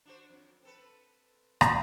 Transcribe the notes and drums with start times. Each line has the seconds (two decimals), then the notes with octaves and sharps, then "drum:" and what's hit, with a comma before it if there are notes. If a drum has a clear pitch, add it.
0.05 D4 F#4 C5
0.29 F2
0.63 C4 A4 B4
1.61 drum: rim click